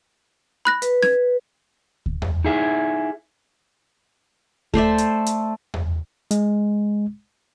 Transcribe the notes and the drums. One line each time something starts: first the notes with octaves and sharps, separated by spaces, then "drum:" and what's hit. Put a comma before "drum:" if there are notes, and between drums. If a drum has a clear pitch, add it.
B5 F#6 A#6
B4, drum: hi-hat
G#6, drum: snare
drum: kick D2
drum: tom E2
D#4 E4 G#4 E5
A3 C5 D5 E5, drum: kick D2
drum: hi-hat
drum: hi-hat
drum: tom E2
G#3, drum: hi-hat